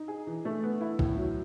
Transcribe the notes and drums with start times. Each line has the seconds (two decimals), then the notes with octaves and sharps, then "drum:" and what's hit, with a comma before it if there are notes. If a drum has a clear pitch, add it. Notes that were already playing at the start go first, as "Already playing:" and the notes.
Already playing: D#4
0.08 G#4
0.27 E3
0.45 A3
0.63 B3
0.81 E4
0.99 A2, drum: kick A#1
1.17 F#3